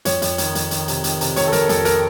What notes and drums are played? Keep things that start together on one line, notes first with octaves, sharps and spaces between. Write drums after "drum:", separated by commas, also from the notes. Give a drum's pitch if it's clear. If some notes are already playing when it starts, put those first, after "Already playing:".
F2 C#5, drum: hi-hat
F2, drum: hi-hat
D#3, drum: hi-hat
F2, drum: hi-hat
D#3, drum: hi-hat
C3, drum: hi-hat
D#3, drum: hi-hat
C3, drum: hi-hat
D#3 C#5, drum: hi-hat
A4
F2 A#4, drum: hi-hat
F2 A4, drum: hi-hat
A#4, drum: hi-hat